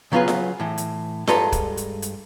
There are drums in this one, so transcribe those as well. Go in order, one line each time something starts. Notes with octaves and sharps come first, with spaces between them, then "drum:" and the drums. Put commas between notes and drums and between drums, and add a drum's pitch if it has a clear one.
C#3 F#3 B3 F4 G#4 B4
drum: snare F4
A2 E3
drum: hi-hat
G2 G#3 A4 B4 A#5 C6, drum: snare F4
drum: kick, hi-hat
drum: hi-hat
drum: hi-hat